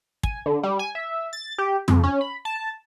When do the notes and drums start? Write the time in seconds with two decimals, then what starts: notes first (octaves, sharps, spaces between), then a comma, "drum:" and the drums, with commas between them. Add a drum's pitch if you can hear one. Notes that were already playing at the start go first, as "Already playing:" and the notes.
0.23 G#5, drum: kick
0.46 D3
0.63 G3
0.79 G#5
0.95 E5
1.33 A6
1.58 G4
1.88 F2, drum: tom
2.03 C#4
2.21 B5
2.45 A5